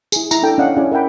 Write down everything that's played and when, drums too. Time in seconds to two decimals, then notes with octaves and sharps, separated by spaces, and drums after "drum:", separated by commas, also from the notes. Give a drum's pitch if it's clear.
0.12 E4 G#4, drum: tambourine
0.31 E4 A#5, drum: tambourine
0.43 D4 A4 G5 A5
0.58 C#4 D4 D5 D#5 F5 F#5
0.77 C#4 E4 G#4 D5 G#5
0.92 A#4 E5 F#5 G5 B5